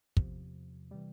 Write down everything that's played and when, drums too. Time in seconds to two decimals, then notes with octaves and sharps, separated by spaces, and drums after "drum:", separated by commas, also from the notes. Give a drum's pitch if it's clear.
0.17 E2 C3 F3, drum: kick
0.91 C3 E3 G3